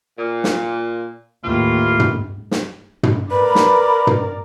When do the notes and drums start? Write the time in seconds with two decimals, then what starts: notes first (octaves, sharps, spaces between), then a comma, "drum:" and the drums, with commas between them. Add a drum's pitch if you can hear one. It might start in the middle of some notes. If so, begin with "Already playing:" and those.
0.18 A#2
0.44 drum: snare
1.44 D#2 A2 E3 F4
2.00 drum: tom
2.51 drum: snare
3.03 drum: tom
3.31 A#4 B4 D5 B5
3.55 drum: snare
4.07 drum: tom